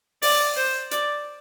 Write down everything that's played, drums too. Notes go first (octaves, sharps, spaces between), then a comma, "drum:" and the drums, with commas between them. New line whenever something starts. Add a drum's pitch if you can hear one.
D5, drum: open hi-hat
C5
D5, drum: hi-hat